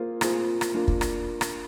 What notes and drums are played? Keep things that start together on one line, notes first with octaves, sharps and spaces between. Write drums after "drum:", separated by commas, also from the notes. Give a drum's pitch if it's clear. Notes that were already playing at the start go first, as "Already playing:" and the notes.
Already playing: A#3 F4 G#4 C5
A#3 F4 G#4 C5, drum: rim click
drum: rim click
A#3 D4 F4
drum: kick
drum: rim click
drum: rim click